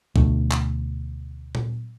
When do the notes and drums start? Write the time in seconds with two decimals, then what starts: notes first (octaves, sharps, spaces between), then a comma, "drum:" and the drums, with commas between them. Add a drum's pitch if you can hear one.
0.16 D2 B2 A3, drum: kick
0.51 drum: clap
1.55 drum: tom A#2